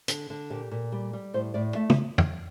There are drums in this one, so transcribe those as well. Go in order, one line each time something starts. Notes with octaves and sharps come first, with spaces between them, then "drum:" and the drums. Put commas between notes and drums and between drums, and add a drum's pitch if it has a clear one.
D3, drum: hi-hat
D3
A#2 G4
A#2
G3
G3
A2 C5
A2 D5
A3 E5
E5, drum: tom
drum: tom